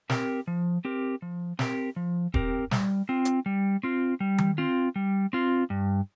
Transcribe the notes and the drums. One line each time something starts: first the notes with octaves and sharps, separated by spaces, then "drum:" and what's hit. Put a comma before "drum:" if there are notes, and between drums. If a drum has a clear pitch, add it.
C4 G4 A#4, drum: snare
F3
C4 G4 A#4
F3
C4 G4 A#4, drum: snare
F3
C4 G4 A#4, drum: kick D#1
G3, drum: snare
C4 F4
drum: hi-hat
G3
C4 F4
G3
drum: tom D#3
C4 F4
G3
C4 F4
G2